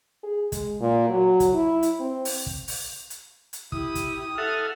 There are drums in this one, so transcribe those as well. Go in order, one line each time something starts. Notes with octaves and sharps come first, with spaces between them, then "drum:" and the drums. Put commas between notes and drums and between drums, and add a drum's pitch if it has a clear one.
G#4
G#3, drum: kick, hi-hat
A#2
F#3
drum: kick, hi-hat
E4
drum: hi-hat
C4
drum: open hi-hat
drum: kick
drum: open hi-hat
drum: hi-hat
drum: hi-hat
E4 G4 D#6, drum: kick
drum: kick, hi-hat
A4 E5 F#5 F6